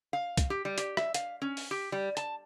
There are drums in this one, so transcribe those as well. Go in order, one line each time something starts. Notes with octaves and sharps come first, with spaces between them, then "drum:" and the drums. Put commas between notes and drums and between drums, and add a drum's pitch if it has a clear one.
F5
drum: kick, hi-hat
G4
G3
G4, drum: hi-hat
E5, drum: rim click
F5, drum: hi-hat
C#4
drum: open hi-hat
G4
G3
A5, drum: hi-hat